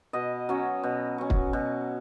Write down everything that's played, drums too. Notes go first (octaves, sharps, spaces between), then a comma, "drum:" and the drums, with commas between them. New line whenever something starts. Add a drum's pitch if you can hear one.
B2 D#5
F#3 C#4
B2
F#3 C#4
drum: kick
B2